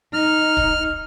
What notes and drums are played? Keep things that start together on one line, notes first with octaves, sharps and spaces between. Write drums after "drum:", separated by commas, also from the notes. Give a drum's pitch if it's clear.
D#4 F6
drum: kick